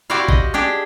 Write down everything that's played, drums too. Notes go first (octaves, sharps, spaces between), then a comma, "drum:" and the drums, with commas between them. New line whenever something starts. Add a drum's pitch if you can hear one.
E4 F#4 G4 C5 D5 F5
D#5, drum: kick
D4 G4 G#4